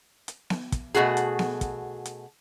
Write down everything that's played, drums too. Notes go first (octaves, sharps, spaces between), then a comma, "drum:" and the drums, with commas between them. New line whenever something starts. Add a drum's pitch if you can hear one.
drum: hi-hat
drum: snare B3
drum: kick, hi-hat
B2 D#3 A3 F#4 G#4
drum: hi-hat
drum: snare B3
drum: kick, hi-hat
drum: hi-hat